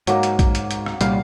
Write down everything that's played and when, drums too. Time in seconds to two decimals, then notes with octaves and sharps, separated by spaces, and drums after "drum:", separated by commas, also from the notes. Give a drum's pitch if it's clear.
0.07 G#2 F#3 A#3, drum: hi-hat
0.23 drum: hi-hat
0.39 drum: kick A#1, hi-hat
0.55 drum: hi-hat
0.71 drum: hi-hat
0.86 drum: rim click
1.01 C2 A#2 G3 F5, drum: hi-hat